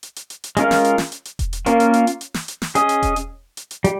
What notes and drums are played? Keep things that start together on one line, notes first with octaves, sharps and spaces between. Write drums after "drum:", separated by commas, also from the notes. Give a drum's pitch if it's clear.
drum: hi-hat
drum: hi-hat
drum: hi-hat
drum: hi-hat
G#3 C#4 F4 A#4, drum: hi-hat
drum: snare
drum: hi-hat
drum: snare
drum: hi-hat
drum: hi-hat
drum: kick E1, hi-hat
drum: hi-hat
A#3 C#4 F4 A#4, drum: hi-hat
drum: hi-hat
drum: hi-hat
drum: hi-hat
drum: hi-hat
drum: snare
drum: hi-hat
drum: snare
C#4 G#4 D#5, drum: hi-hat
drum: hi-hat
drum: kick E1, hi-hat
drum: hi-hat
drum: hi-hat
drum: hi-hat
G3, drum: hi-hat